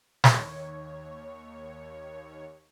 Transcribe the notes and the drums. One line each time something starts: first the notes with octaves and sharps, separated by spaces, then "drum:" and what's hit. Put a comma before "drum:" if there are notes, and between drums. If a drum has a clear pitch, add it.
D#2 C#5, drum: snare